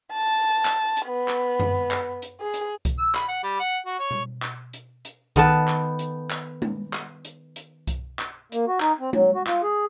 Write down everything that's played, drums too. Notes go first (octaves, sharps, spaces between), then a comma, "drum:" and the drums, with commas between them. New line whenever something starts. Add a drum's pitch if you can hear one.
A5
drum: clap
drum: hi-hat
B3
drum: clap
drum: tom F#2
drum: clap
drum: hi-hat
G#4
drum: hi-hat
drum: kick C2, hi-hat
E6
B5, drum: clap
F#5
G3
F#5
F#4
C#5
drum: tom B2
drum: clap
drum: hi-hat
drum: hi-hat
D#3 B3 A4 B4 A5, drum: kick C2, hi-hat
drum: clap
drum: hi-hat
drum: clap
drum: tom G#3
drum: clap
drum: hi-hat
drum: hi-hat
drum: kick C2, hi-hat
drum: clap
A#3, drum: hi-hat
F#4
D#4, drum: clap
C4
F#3, drum: tom G#3
F#4
F4, drum: clap
G#4